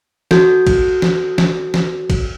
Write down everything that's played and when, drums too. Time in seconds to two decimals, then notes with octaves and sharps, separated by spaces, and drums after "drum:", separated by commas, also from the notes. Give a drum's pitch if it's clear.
0.31 F#4 A4 G6, drum: snare
0.67 drum: kick, cymbal
1.02 drum: snare
1.38 drum: snare
1.74 drum: snare
2.10 drum: kick, cymbal